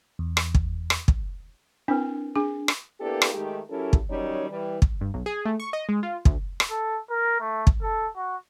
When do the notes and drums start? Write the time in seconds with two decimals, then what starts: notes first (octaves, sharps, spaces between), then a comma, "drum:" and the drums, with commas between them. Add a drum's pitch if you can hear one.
0.19 E2
0.37 drum: rim click
0.55 drum: kick
0.90 drum: rim click
1.08 drum: kick
1.88 C4 D4 E4 A#4 B4
2.36 D4 G#4
2.68 drum: rim click
3.00 A#3 B3 D4 E4 G4 A4
3.22 drum: rim click
3.34 D#3 G#3 A3 D#4 G4
3.69 F#3 C#4 E4 G4 A4 A#4
3.93 drum: kick
4.10 D#3 F#3 G3 C#4 D#4 C#5
4.49 E3 G3
4.82 drum: kick
5.01 G2
5.14 B1
5.26 G#4
5.45 A3
5.60 C#6
5.73 D#5
5.89 G#3
6.03 F4
6.25 D2, drum: kick
6.60 drum: rim click
6.70 A4
7.10 A#4
7.40 A3
7.67 drum: kick
7.82 A4
8.16 F#4